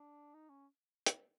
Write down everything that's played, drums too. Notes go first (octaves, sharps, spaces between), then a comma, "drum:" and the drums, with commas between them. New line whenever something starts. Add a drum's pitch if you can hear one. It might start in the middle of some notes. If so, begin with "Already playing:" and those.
Already playing: D4
D#4
C#4
drum: hi-hat